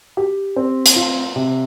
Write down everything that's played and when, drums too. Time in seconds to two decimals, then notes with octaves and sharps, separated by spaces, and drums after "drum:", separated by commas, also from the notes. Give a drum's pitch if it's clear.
0.17 G4
0.56 C4
0.86 drum: hi-hat
0.96 F4
1.36 C3